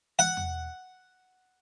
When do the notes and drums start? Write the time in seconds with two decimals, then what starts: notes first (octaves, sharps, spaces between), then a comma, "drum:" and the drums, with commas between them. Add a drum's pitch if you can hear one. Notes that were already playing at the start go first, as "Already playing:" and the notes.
0.19 F#5
0.37 drum: tom E2